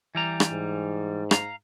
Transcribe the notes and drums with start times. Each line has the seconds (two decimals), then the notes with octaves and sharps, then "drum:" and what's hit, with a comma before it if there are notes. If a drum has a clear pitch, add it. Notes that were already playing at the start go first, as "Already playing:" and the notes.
0.15 E3 G3 A#5
0.40 drum: rim click
0.53 G#2
1.31 F5 A#5, drum: rim click